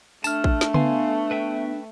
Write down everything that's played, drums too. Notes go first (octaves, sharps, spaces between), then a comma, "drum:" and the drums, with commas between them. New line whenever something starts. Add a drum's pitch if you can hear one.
A3 D4 A5 F6, drum: tambourine
drum: kick
drum: snare
B3 F5 G#5 C6, drum: tom C#3
B4 E5 G5